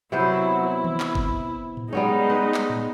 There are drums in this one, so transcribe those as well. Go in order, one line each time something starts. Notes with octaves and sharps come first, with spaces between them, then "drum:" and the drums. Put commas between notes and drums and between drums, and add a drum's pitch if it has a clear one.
C3 F#3 B3 E4 C5
E4
drum: tom D#3
drum: clap
drum: kick F#1
drum: tom A2
G3 G#3 B3 C#4 D#4
B4
drum: clap
drum: tom A2